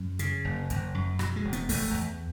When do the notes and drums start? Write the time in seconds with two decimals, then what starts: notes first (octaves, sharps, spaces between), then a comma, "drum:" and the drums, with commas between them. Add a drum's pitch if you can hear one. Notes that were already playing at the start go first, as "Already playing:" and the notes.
Already playing: F#2
0.19 C#3, drum: hi-hat
0.45 F#1
0.70 F#1, drum: hi-hat
0.95 F#2
1.19 B2 F#3, drum: rim click
1.36 G#3
1.44 E1
1.53 B3, drum: hi-hat
1.69 E1 A3, drum: kick, open hi-hat
1.94 E2